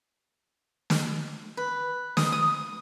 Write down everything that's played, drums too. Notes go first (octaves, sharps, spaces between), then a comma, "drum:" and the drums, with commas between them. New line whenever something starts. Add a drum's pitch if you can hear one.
drum: snare
B4
D#6, drum: snare
D#6